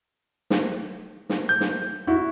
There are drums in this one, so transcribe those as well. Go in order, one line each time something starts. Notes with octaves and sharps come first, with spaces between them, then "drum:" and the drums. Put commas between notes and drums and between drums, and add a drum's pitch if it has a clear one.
drum: snare
drum: snare
G6
drum: snare
E4 F#4